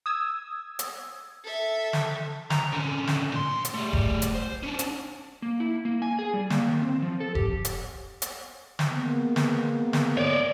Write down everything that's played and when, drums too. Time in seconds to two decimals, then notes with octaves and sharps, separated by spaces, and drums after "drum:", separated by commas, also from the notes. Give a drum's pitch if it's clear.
0.06 D#6 E6 G#6
0.79 drum: hi-hat
1.44 A4 E5
1.93 drum: snare
2.50 A#5, drum: snare
2.73 D3 C#4
3.07 drum: snare
3.32 A#2 C6
3.65 drum: hi-hat
3.74 G3 A3
3.93 drum: kick E1
4.22 drum: hi-hat
4.34 C5
4.63 C#4 D4
4.79 drum: hi-hat
5.42 A#3
5.60 E4
5.85 A#3
6.02 G#5
6.19 G#4
6.34 G3
6.50 A#3, drum: snare
6.68 D#3
6.82 C4
7.02 F3
7.20 A4
7.35 G4, drum: kick E1
7.65 drum: hi-hat
8.22 drum: hi-hat
8.79 drum: snare
8.90 G#3 A#3 B3
9.36 drum: snare
9.93 drum: snare
10.17 C#5 D5